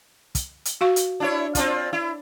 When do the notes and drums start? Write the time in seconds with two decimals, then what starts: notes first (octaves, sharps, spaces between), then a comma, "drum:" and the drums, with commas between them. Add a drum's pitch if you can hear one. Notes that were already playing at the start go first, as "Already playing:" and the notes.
0.35 drum: kick, hi-hat
0.65 drum: hi-hat
0.81 F#4 F5 C#6
0.96 drum: hi-hat
1.20 D4 E4 C#5
1.55 C4 D4 F4, drum: kick, hi-hat
1.93 E4